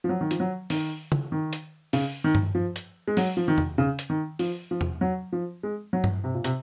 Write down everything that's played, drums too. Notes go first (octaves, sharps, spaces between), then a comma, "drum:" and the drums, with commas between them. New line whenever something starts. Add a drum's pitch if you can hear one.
F3
F#3
D#3
F3, drum: hi-hat
F#3
D#3, drum: open hi-hat
drum: tom C#3
D#3
drum: hi-hat
C#3, drum: open hi-hat
D#3
drum: tom G2
F3
drum: hi-hat
G#3
F#3, drum: open hi-hat
F3
D#3
drum: tom E2
C#3
drum: hi-hat
D#3
F3, drum: open hi-hat
F3
drum: tom E2
F#3
F3
G#3
F#3
drum: tom G2
C3
A#2
C3, drum: hi-hat